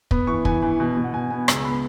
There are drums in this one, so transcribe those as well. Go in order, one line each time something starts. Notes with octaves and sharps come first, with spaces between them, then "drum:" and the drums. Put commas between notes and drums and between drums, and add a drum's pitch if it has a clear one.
B3, drum: kick
E3 C#6
E3 G#5, drum: kick
E3
B2
B2
F#5
B2 G#5
B3 G#5
C#2 E6, drum: rim click
B3 B5